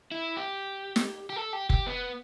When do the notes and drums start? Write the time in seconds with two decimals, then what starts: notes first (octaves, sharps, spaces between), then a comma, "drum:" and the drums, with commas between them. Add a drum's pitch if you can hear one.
0.11 E4
0.36 G4
0.96 drum: snare
1.30 G4
1.36 A4
1.53 G4
1.70 G4, drum: kick
1.87 B3